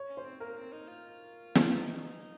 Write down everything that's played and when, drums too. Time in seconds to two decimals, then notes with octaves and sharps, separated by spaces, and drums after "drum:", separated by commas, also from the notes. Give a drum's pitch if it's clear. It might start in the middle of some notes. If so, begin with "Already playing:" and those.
Already playing: C#5
0.09 C#4
0.17 C5
0.25 C4
0.40 A#3 A#4
0.57 C4
0.72 D#4
0.88 F4
1.55 drum: snare
1.82 D#4